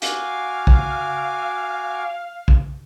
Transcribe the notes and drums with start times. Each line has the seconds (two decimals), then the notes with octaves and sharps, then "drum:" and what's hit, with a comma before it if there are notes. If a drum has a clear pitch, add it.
0.02 F#4 F5 G#5 D6, drum: hi-hat
0.67 drum: kick
2.48 drum: kick